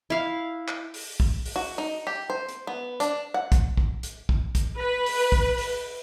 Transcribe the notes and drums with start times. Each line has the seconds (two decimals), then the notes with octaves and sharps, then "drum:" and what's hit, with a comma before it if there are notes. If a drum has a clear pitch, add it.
0.10 E4 F5
0.68 drum: clap
0.94 drum: open hi-hat
1.20 drum: kick
1.46 drum: open hi-hat
1.56 F#4
1.78 D#4
2.07 G4
2.30 C5
2.49 drum: hi-hat
2.67 B3
3.00 D4, drum: hi-hat
3.34 F#5
3.52 drum: kick, hi-hat
3.77 drum: kick
4.03 drum: hi-hat
4.29 drum: kick
4.55 drum: kick, hi-hat
4.77 B4
5.06 drum: open hi-hat
5.32 drum: kick
5.58 drum: open hi-hat